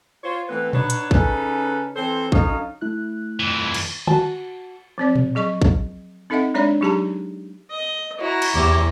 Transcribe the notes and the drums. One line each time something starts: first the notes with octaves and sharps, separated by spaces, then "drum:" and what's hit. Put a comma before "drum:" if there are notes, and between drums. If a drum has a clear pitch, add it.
F4 C5 C#5
E3 A3 B3 C4 B4
B3 D4 D#4 B4 C#5, drum: tom A#2
drum: hi-hat
C#3 C#4 D#4 A4 B4, drum: kick A1
E3 C4 A4 C5
F#2 D3 D#4 C#5 D#5 F5, drum: kick A1
A3 E4 F#6
F2 E3
drum: cymbal
F#4 A5, drum: tom D3
F3 C4 D5
drum: tom A#2
F#3 G#4 D#5 C#6
drum: kick A1
C4 D#4 A4 D#5 E5 F#5
G#3 D4 C#5 D5 E5 B5
F#3 D#4 G4 G#4 A5 A#5
D#5
E4 F#4 C#5 A#5
drum: cymbal
E2 G4